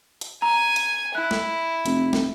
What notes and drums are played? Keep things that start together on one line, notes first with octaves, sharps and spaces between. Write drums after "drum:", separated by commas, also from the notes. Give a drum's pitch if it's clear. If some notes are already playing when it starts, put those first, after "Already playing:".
drum: hi-hat
G#5 A#5
drum: hi-hat
E4 F#6
drum: snare
F1, drum: hi-hat
drum: snare